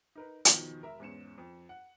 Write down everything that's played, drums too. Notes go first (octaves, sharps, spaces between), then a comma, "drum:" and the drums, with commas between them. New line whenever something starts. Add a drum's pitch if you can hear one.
D#4 A#4 B4
E2 B2 D#3 F3, drum: hi-hat
E1 A#4 E5
E2 G#2 C#4 C#7 E7
F2
F#5